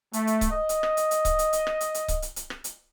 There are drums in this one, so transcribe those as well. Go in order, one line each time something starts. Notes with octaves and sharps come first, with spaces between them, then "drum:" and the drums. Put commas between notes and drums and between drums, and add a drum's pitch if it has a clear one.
A3, drum: hi-hat
drum: hi-hat
drum: kick C#1, hi-hat
D#5
drum: hi-hat
drum: rim click
drum: hi-hat
drum: hi-hat
drum: kick C#1, hi-hat
drum: hi-hat
drum: hi-hat
drum: rim click
drum: hi-hat
drum: hi-hat
drum: kick C#1, hi-hat
drum: hi-hat
drum: hi-hat
drum: rim click
drum: hi-hat